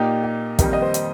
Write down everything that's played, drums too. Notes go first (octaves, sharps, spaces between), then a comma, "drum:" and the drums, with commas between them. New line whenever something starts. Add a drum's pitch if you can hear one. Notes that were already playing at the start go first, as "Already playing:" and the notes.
Already playing: A#2 A#3 D#4 G4
G4
F2 D#3 G3 A#3 D#4 A#4, drum: kick, hi-hat
D#5
C5
drum: hi-hat